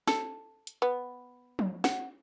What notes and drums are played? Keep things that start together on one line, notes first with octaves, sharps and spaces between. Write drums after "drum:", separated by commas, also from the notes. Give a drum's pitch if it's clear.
A4, drum: snare
drum: hi-hat
B3
drum: tom F3
F#5, drum: snare